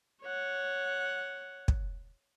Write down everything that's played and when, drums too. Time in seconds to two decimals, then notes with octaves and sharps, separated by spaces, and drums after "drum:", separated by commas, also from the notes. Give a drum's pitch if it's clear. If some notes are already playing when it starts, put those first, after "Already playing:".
0.22 C#5 F#5
1.68 drum: kick